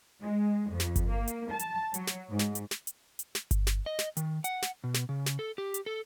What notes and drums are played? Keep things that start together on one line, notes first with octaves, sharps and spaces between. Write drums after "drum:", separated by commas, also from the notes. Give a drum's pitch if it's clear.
G#3
F2
drum: snare
drum: kick G1, hi-hat
A#3
drum: hi-hat
A5
drum: hi-hat
F#3, drum: hi-hat
drum: snare
G#2
drum: snare
drum: hi-hat
drum: snare
drum: hi-hat
drum: hi-hat
drum: snare
drum: kick G1, hi-hat
drum: snare
D#5
drum: snare
D#3, drum: hi-hat
F#5, drum: hi-hat
drum: snare
B2
drum: snare
C#3
drum: snare
A4
G4
drum: hi-hat
A4